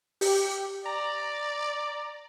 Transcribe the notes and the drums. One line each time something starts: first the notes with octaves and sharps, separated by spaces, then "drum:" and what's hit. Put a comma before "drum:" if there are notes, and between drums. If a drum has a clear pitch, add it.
G4, drum: open hi-hat
D5 A#5